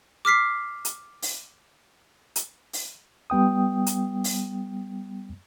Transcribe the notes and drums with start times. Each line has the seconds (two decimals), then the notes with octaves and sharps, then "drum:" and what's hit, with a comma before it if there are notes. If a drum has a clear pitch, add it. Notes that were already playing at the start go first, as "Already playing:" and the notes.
0.25 D6 F6 B6 C7
0.85 drum: hi-hat
1.22 drum: open hi-hat
2.36 drum: hi-hat
2.73 drum: open hi-hat
3.30 G3 B3 G5 D#6
3.86 drum: hi-hat
4.24 drum: open hi-hat